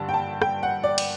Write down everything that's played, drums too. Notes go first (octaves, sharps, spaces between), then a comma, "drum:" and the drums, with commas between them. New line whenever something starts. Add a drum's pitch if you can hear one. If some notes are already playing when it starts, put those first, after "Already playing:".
Already playing: G2 D3 A5
G5
A5
G5, drum: rim click
F#5
D5
drum: cymbal